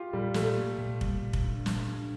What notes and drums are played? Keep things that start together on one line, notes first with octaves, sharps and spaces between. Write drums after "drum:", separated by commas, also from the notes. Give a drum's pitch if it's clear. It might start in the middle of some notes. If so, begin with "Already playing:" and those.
Already playing: F4 G4
A#2 G3
A#2 A3, drum: snare
A#3
A#2
G3, drum: kick F1
A#2
drum: kick F1
D4
A#2, drum: snare
D4